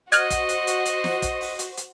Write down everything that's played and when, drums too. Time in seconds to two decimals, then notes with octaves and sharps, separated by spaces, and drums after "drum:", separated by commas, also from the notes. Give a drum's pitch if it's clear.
0.12 F#4 C5 D#5 F6 F#6 G#6, drum: hi-hat
0.30 drum: kick, hi-hat
0.49 drum: hi-hat
0.67 drum: hi-hat
0.86 drum: hi-hat
1.04 drum: snare
1.22 drum: kick, hi-hat
1.41 drum: open hi-hat
1.59 drum: hi-hat
1.77 drum: hi-hat